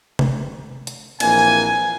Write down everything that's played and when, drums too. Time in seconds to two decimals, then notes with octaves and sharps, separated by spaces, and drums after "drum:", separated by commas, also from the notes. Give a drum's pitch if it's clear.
0.19 drum: tom C3
0.87 drum: hi-hat
1.20 A#1 E3 A#3 C4 G#5, drum: cymbal